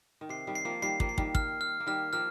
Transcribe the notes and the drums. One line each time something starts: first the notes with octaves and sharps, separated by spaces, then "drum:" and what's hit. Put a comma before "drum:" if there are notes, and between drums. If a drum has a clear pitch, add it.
D#3
C3 C7
D#3 G3
C7
F3 A#3
D#3 G3 C7
F3 A#3, drum: kick
C7
D#3 G3, drum: kick
F6, drum: kick
F6
A#3
D#3 G3 F6
F3 A#3 F6